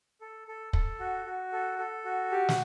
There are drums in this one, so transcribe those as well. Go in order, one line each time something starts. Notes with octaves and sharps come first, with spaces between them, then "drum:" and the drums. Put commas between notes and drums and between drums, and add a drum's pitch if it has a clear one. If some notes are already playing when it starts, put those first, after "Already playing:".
A4
A4
A4, drum: kick
F#4
F#4
A4
A4
F#4
G4
drum: snare